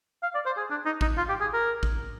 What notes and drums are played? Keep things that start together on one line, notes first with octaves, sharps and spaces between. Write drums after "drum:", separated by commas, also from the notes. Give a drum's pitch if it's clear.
F5
D5
C5
G#4
D4
D#4
D#4, drum: kick A1
F4
G4
G#4
A#4
drum: kick A1